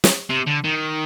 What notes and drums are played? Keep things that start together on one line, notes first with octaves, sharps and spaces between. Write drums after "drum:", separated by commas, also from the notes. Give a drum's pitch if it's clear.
drum: snare
C3
D3
D#3